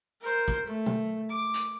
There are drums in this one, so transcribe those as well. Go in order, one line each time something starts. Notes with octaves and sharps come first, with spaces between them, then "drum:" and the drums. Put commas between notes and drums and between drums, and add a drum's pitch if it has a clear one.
A#4 C5
drum: kick
A3
drum: tom B2
D6
drum: hi-hat